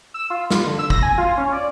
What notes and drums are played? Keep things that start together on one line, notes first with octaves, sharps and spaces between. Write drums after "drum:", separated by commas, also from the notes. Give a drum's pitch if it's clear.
E6
F4
F4, drum: snare
D3
E6
A#6, drum: kick
G#5
F4
C#4
D5